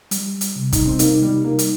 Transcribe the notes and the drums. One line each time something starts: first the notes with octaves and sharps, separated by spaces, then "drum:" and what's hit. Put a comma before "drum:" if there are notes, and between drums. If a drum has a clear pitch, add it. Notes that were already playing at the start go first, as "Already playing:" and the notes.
G3, drum: hi-hat
drum: hi-hat
C3
D#4, drum: kick, hi-hat
C4
A#3 D#4, drum: hi-hat
G3
G3 A#3
drum: hi-hat